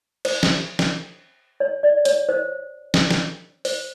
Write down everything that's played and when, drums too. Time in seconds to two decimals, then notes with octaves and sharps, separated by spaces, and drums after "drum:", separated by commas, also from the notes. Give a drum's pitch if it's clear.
0.25 C5, drum: cymbal
0.43 drum: snare
0.79 drum: snare
1.60 C#5
1.83 D5
2.05 C#5, drum: hi-hat
2.29 C5
2.94 drum: snare
3.11 drum: snare
3.65 C5, drum: open hi-hat